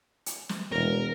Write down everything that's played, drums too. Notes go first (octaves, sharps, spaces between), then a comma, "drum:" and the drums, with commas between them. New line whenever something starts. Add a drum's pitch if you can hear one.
drum: hi-hat
drum: snare
E1 A#4